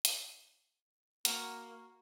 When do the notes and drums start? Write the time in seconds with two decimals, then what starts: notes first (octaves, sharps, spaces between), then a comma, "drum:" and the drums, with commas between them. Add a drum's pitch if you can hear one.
0.05 drum: hi-hat
1.25 A#3 F#4 A#5 C#6, drum: hi-hat